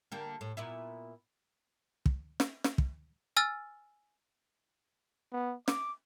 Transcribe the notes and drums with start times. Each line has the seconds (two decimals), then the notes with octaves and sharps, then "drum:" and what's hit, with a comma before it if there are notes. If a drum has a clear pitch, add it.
0.12 D3 A#3 G4
0.41 A2
0.57 A#2 B3 E4
2.06 drum: kick
2.40 drum: snare
2.64 drum: snare
2.78 drum: kick
3.37 G#5 E6 F6 A6
5.32 B3
5.68 D6, drum: snare